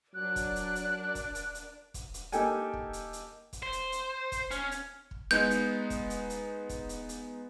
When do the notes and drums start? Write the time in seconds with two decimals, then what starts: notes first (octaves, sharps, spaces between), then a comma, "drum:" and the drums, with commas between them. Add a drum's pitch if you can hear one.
0.14 F#3 D4 A#4 D5 F#6
0.36 drum: kick, hi-hat
0.56 drum: hi-hat
0.75 drum: hi-hat
1.15 drum: kick, hi-hat
1.35 drum: hi-hat
1.55 drum: hi-hat
1.94 drum: kick, hi-hat
2.14 drum: hi-hat
2.32 A#3 D#4 G4 A4 G5 G#5, drum: hi-hat
2.73 drum: kick
2.93 drum: hi-hat
3.13 drum: hi-hat
3.53 drum: kick, hi-hat
3.63 C5
3.72 drum: hi-hat
3.92 drum: hi-hat
4.32 drum: kick, hi-hat
4.51 C#4, drum: hi-hat
4.71 drum: hi-hat
5.11 drum: kick
5.31 G#3 B3 D#4 G6, drum: hi-hat
5.51 drum: hi-hat
5.90 drum: kick, hi-hat
6.10 drum: hi-hat
6.30 drum: hi-hat
6.69 drum: kick, hi-hat
6.89 drum: hi-hat
7.09 drum: hi-hat